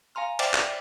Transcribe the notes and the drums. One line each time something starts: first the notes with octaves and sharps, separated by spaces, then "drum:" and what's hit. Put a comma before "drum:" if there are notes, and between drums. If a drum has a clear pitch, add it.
F5 G#5 A#5 C6 F6
C5 D5 E5 G5 D6 A6, drum: cymbal
drum: clap